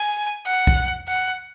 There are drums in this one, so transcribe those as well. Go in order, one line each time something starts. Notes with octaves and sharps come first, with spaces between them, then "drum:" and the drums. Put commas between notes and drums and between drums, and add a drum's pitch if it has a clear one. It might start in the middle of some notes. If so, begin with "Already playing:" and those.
Already playing: G#5
F#5
drum: kick
F#5